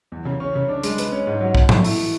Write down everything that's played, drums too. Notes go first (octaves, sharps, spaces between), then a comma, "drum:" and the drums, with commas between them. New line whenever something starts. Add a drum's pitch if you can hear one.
E2
C#3
C#4
C#3
D4
G#3, drum: hi-hat
B4, drum: hi-hat
C#4
G#2
F#3
B2, drum: kick
A3, drum: tom A2
E4, drum: open hi-hat
E3